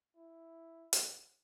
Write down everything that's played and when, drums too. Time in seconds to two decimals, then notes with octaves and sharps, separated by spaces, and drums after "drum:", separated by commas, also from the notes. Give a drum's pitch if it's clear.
0.16 E4
0.93 drum: hi-hat